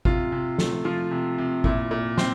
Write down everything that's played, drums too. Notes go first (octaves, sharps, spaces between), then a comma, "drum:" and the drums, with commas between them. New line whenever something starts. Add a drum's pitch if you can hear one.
C3 F4, drum: kick G#1
C3
A3, drum: snare
F3 F4
C3
C3
A#2 E4, drum: kick G#1
A#2
C4, drum: snare